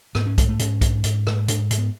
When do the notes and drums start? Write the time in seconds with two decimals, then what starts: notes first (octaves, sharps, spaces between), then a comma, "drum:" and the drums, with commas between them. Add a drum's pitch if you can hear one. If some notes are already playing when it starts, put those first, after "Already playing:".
0.15 G#2 B3, drum: rim click
0.27 C#4
0.38 G#2 G#3, drum: kick B1, hi-hat
0.49 A3
0.59 G#2 C#4, drum: hi-hat
0.81 G#2, drum: kick B1, hi-hat
1.04 G#2, drum: hi-hat
1.27 G#2, drum: rim click
1.48 G#2 D4, drum: hi-hat
1.71 G#2, drum: hi-hat
1.78 B3